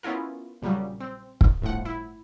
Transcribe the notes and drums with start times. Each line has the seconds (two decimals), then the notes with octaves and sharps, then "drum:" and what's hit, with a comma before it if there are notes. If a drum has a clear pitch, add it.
0.03 B3 C#4 E4 F4 A#4
0.62 A#1 A#2 C#3 F#3 G3
1.00 C4
1.41 drum: kick
1.62 G1 A2 F3 F#5
1.85 E4